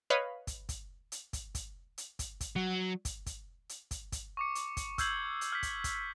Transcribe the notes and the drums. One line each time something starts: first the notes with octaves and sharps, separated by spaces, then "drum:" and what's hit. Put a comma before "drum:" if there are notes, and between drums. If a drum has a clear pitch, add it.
B4 C#5 D#5 F5 B5
drum: kick, hi-hat
drum: kick, hi-hat
drum: hi-hat
drum: kick, hi-hat
drum: kick, hi-hat
drum: hi-hat
drum: kick, hi-hat
drum: kick, hi-hat
F#3
drum: kick, hi-hat
drum: kick, hi-hat
drum: hi-hat
drum: kick, hi-hat
drum: kick, hi-hat
C#6 D6 C#7
drum: hi-hat
drum: kick, hi-hat
E6 F6 G6 G#6 C7 F#7, drum: kick, hi-hat
drum: hi-hat
F6 G6 B6
drum: kick, hi-hat
drum: kick, hi-hat